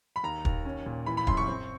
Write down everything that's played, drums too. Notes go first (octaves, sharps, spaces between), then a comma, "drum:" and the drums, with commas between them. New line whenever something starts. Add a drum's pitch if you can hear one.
B5
D#2 A#5
D#2, drum: kick
C#4
A#2
E3 B5
B5
F#2 C6, drum: kick
C#6
C4